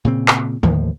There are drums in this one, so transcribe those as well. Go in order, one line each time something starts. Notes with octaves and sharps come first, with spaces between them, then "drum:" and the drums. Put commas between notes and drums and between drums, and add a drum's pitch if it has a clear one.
A#2 C#3 C4
drum: clap
D#2 A2 E3 F3, drum: tom D3